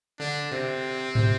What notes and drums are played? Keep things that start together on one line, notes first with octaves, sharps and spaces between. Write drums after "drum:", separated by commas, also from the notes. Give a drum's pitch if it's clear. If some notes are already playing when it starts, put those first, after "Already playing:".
D3 D4
C3 C4
C3, drum: tom G#2